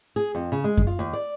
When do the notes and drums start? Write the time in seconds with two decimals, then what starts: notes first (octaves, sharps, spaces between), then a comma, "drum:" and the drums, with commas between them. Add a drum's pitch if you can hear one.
0.16 G#4
0.35 F2
0.52 C#3
0.64 G#3
0.77 drum: kick F#2
0.87 F4
0.99 D#2
1.13 D5